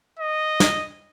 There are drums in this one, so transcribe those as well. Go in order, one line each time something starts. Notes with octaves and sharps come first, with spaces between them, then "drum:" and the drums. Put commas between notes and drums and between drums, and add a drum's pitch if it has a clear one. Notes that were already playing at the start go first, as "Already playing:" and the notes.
D#5
drum: snare